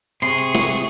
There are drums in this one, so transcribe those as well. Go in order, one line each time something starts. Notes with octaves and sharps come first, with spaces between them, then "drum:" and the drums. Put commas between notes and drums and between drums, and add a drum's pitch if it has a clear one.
C3 G#4 C6 C#6, drum: hi-hat
drum: hi-hat
drum: snare
drum: hi-hat